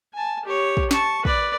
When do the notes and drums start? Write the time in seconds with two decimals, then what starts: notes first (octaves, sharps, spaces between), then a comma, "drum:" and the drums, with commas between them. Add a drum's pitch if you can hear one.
0.14 G#5 A5
0.45 G4 C#5
0.77 drum: kick
0.91 A5 C#6, drum: snare
1.25 B4 D5, drum: kick